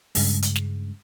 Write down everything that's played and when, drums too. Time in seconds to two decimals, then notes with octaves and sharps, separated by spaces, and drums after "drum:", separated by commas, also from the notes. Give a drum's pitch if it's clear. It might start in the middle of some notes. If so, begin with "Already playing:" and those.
0.15 G2 C#3 G#3, drum: open hi-hat
0.42 drum: hi-hat
0.56 drum: snare